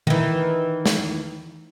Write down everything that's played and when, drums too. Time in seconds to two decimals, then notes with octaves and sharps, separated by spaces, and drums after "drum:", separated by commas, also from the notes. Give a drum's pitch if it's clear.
0.07 D#3 E3, drum: tom D#3
0.86 drum: snare